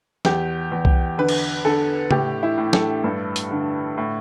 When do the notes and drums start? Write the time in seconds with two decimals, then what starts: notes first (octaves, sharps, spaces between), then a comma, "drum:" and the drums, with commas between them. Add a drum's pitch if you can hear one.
0.25 E2 G4, drum: snare
0.72 E2
0.85 drum: kick C2
1.18 D3 B4
1.29 drum: cymbal
1.65 D3 A4
2.11 A2 G4, drum: tom C#3
2.43 E4
2.58 A2
2.73 A4, drum: snare
3.04 G2
3.36 drum: hi-hat
3.51 D3
3.97 A2